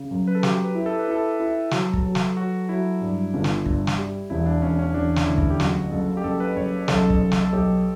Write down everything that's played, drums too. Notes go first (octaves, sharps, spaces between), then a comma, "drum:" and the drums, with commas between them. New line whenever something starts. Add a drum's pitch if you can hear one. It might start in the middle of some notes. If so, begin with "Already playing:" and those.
Already playing: C#3
F#2
B4
A4
F#3 G4, drum: snare
B4
E4
A4
B4
E4 A4
E4
F#3, drum: snare
drum: kick
F#3
drum: snare
F#3 F#4
F#3 E4
G2
G1
drum: snare
G2, drum: kick
drum: snare
G3
E1 E4
D4
E1 C#4
C#4
E1 D4
drum: snare
D2 E4
drum: kick
G4
F#1 F#4, drum: snare
F#1 A4
G4
F#1 A4
B4
F#1 C#5
B1 A4, drum: snare
drum: kick
B1
drum: snare
A4
B1 G4